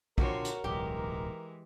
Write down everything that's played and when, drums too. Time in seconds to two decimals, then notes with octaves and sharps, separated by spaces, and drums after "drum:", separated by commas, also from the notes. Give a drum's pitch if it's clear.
0.18 D3 F3 C4 F#4 A#4 C#5, drum: kick
0.45 drum: hi-hat
0.64 D1 B1 E3 G#3 G4